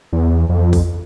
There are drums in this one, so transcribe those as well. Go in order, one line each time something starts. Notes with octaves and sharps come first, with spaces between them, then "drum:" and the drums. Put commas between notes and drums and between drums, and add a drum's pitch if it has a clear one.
E2
F2
drum: kick, open hi-hat